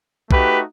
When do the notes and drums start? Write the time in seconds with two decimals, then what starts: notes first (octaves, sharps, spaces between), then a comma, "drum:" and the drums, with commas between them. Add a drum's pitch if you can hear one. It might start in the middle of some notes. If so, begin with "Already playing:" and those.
0.31 A3 D#4 F#4 G4 B4, drum: kick B1